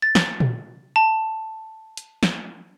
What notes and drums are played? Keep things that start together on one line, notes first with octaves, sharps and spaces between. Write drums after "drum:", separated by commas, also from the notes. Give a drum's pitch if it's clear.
A6
drum: snare
drum: tom A#2
A5
drum: hi-hat
drum: snare